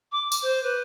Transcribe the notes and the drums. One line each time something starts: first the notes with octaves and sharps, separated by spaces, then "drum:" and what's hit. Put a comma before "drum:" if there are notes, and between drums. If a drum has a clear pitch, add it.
D6
drum: tambourine
C5
B4